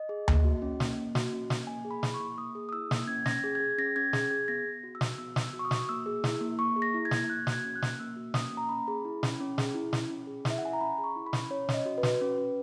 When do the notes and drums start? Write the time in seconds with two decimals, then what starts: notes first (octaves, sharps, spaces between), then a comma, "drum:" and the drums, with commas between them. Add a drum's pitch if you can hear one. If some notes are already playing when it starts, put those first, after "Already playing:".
Already playing: D#5
0.09 G#4
0.28 A#3, drum: tom D2
0.44 F#4
0.62 C#4
0.80 A#3, drum: snare
0.97 A#3
1.15 F#4, drum: snare
1.33 C#4
1.50 A#3, drum: snare
1.67 A#3 G#5
1.85 G#4
1.91 B5
2.03 E4, drum: snare
2.14 C#6
2.20 A#3
2.38 A#3 D#6
2.55 G#4
2.69 D#6
2.73 E4 E6
2.91 A#3, drum: snare
3.07 C#4 G#6
3.26 C#4 A#6, drum: snare
3.31 G#6
3.44 G#4
3.55 G#4 G#6
3.78 C#4 A#6
3.96 C#4 G#6
4.13 G#4 G#6, drum: snare
4.31 G#4 G#6
4.48 B3 A#6
4.65 B3
4.83 F#4
4.95 E6
5.01 F#4, drum: snare
5.18 B3 E6
5.36 B3, drum: snare
5.43 E6
5.53 F#4
5.59 C#6
5.65 D#6
5.71 F#4, drum: snare
5.89 A#3 E6
6.06 G#4
6.24 E4, drum: snare
6.41 A#3
6.59 A#3 C#6
6.76 G#4
6.82 A#6
6.94 E4
7.05 G#6
7.11 A#3, drum: snare
7.29 A#3 F#6
7.47 F#4, drum: snare
7.53 G#6
7.65 C#4
7.76 F#6
7.82 A#3, drum: snare
8.00 A#3 E6
8.16 F#4
8.34 C#4 D#6, drum: snare
8.52 A#3
8.57 A#5
8.69 C#4 B5
8.88 G#4
9.05 E4
9.23 C#4, drum: snare
9.40 C#4
9.58 G#4, drum: snare
9.74 E4
9.93 C#4, drum: snare
10.10 C#4
10.27 G#4
10.45 E4, drum: snare
10.50 E5
10.58 F#5
10.63 C#4 G#5
10.73 A#5
10.81 C#4 B5
10.98 G#4
11.04 C#6
11.16 E4
11.26 B5
11.33 C#4, drum: snare
11.50 C#4 C#5
11.69 C#4, drum: snare
11.74 D#5
11.86 F#4
11.98 B4
12.03 F#4, drum: snare
12.21 C#4
12.38 C#4